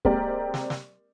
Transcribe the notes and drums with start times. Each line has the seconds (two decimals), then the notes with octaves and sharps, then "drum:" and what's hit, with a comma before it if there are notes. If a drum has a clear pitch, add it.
0.05 G#3 A#3 C4 G4 A#4 D5, drum: kick C#1
0.54 drum: snare
0.70 drum: snare